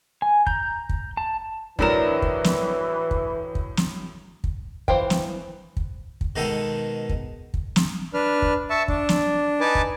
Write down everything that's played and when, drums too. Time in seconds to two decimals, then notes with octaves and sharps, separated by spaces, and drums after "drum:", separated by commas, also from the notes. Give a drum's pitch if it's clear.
0.22 G#5
0.47 A#5 G6, drum: kick
0.89 drum: kick
1.17 A5
1.79 A2 E3 F#3 D4 A#4 E7, drum: kick
2.22 drum: kick
2.44 drum: snare
3.11 drum: kick
3.55 drum: kick
3.77 drum: snare
4.44 drum: kick
4.88 E3 C5 F5 G5, drum: kick
5.10 drum: snare
5.77 drum: kick
6.21 drum: kick
6.36 B2 D#3 G#3 D#4 A4
7.09 drum: kick
7.54 drum: kick
7.76 drum: snare
8.14 D4 B4 F6
8.42 drum: kick
8.70 E5 A5 C#6
8.88 D4, drum: kick
9.09 drum: snare
9.61 D#4 B4 G#5 A5 D6
9.75 drum: kick